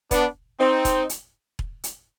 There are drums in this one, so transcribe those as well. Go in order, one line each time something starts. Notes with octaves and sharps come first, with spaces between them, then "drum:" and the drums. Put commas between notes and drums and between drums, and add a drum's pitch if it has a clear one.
B3 D4, drum: kick E1, hi-hat
C4 D#4
drum: kick E1, hi-hat
drum: hi-hat
drum: kick E1
drum: hi-hat